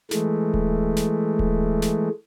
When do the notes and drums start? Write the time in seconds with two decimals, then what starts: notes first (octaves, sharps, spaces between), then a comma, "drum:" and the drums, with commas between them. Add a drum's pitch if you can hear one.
0.11 E3 G#3 A3, drum: snare
0.54 drum: kick D1
0.96 drum: snare
1.39 drum: kick D1
1.82 drum: snare